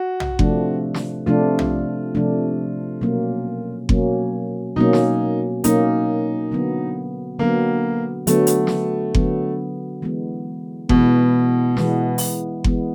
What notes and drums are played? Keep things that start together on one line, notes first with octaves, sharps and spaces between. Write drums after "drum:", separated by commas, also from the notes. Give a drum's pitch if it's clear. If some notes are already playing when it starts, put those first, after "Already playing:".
Already playing: F#4
drum: tom B1
C3 F3 A3 D4, drum: kick F#1
drum: snare
C3 F3 A3 D4 F4
drum: tom B1
C3 F3 A3 D4
B2 F#3 A#3 C#4
B2 F#3 A#3 C#4, drum: kick F#1
B2 F#3 A#3 C#4 D#4
drum: snare
B2 F#3 A#3 C#4 D#4, drum: hi-hat
D3 F#3 B3
D3 F#3 A#3 B3
D3 F#3 A3 B3, drum: hi-hat
drum: hi-hat
drum: snare
D3 F#3 B3, drum: kick F#1
E3 G#3 B3
B2 E3 G#3 B3, drum: kick F#1
E3 G#3 B3, drum: snare
drum: open hi-hat
E3 G#3 B3, drum: kick F#1